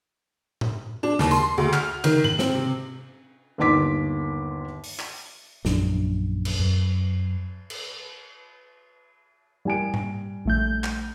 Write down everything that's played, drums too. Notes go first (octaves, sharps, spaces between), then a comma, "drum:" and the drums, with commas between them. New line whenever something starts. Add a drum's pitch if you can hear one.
drum: tom A2
D4
D#2, drum: snare
C6, drum: tambourine
D2
F6, drum: clap
D#3, drum: cymbal
F#7, drum: tom G#2
C4, drum: snare
C3
G1 D#2 D#3 C6 D6 B6
drum: open hi-hat
drum: clap
A#1 F#2 D4, drum: snare
drum: cymbal
F#2
drum: cymbal
G3 G#5 D7
drum: tom G#2
A#1 A3 G6
drum: clap